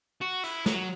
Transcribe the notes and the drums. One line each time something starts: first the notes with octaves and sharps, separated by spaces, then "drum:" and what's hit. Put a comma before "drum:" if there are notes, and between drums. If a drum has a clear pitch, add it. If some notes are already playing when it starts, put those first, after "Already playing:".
F#4
E4, drum: cymbal
F#3, drum: snare